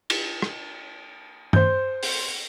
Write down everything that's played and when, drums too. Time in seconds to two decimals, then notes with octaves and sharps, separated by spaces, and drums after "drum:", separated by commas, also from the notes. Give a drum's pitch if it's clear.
0.10 drum: cymbal
0.42 drum: rim click
1.53 C5 G6, drum: tom G2
2.03 drum: open hi-hat